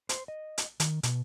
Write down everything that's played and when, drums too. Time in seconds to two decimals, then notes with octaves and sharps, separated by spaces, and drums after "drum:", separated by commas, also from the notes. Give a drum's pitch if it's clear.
0.09 C5, drum: hi-hat
0.28 D#5
0.58 drum: hi-hat
0.80 D#3, drum: hi-hat
1.03 B2, drum: hi-hat